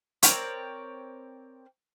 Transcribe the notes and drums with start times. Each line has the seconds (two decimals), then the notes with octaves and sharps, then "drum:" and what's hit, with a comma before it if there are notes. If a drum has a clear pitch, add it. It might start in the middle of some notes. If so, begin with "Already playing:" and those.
0.23 C4 A#4 C#5 D5, drum: hi-hat